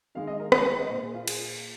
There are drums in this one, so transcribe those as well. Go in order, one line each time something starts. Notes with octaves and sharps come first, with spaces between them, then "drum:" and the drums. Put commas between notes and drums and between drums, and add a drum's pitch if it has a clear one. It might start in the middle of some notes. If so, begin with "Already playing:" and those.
D#3 G#3 F5
D#5
A#4
G#4, drum: rim click
C5
D#5
A#2 A#3 C5
G#4
F4
G#4, drum: cymbal